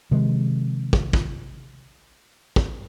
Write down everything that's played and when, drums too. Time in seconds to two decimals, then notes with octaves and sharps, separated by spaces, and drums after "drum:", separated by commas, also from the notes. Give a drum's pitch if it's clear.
0.11 C3 D#3 F3 G#3
0.93 drum: kick
1.13 drum: kick
2.56 drum: kick